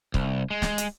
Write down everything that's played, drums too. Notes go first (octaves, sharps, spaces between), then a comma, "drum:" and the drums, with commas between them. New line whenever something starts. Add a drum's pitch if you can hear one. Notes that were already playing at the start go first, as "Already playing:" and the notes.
C2, drum: kick C#1
G#3
drum: snare
drum: hi-hat